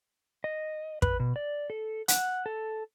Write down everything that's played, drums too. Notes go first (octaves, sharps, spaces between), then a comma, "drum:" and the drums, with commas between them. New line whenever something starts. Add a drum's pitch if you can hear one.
D#5
B4, drum: kick
B2
D5
A4
F#5, drum: hi-hat
A4